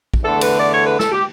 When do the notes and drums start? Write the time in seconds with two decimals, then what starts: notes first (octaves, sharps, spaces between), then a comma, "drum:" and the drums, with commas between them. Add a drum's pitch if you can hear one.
0.14 drum: kick
0.24 E2 D3 A3 A4
0.41 B4, drum: cymbal
0.58 D5
0.74 C#5
0.87 B4
1.00 A4, drum: snare
1.12 G4